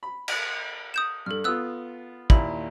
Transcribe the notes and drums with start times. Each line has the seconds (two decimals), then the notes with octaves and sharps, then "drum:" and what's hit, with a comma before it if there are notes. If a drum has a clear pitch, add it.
0.03 B5
0.28 drum: cymbal
0.94 D#6 G6 E7
1.26 G2 A4 F6
1.44 B3 F4 D#6 E6 F#6
2.30 D#2 A#2 E4 B5, drum: kick